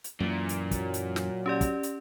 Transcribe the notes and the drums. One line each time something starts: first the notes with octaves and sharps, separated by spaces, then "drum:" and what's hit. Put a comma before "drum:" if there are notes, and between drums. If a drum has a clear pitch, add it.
drum: hi-hat
F#2 A#2 E3
drum: hi-hat
F#3, drum: kick, hi-hat
drum: hi-hat
drum: snare
C#4 G4 D5
drum: kick, hi-hat
drum: hi-hat